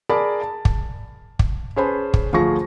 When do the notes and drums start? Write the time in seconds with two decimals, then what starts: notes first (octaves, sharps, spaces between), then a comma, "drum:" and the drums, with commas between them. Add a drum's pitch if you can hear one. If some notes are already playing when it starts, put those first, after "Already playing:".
0.09 G#4 A#4 D5 A5 B5
0.41 A5
0.65 drum: kick
1.39 drum: kick
1.76 C#4 G#4 B4 C5 A5 B5
2.14 drum: kick
2.32 D2 F3 F4 G#4 C#6 A#6